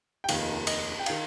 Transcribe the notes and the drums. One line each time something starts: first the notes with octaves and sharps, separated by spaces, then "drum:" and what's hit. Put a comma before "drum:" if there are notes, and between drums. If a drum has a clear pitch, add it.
G5
F1 D#2 D#3 F5, drum: cymbal
D#5, drum: cymbal
G5
D#3 F5, drum: cymbal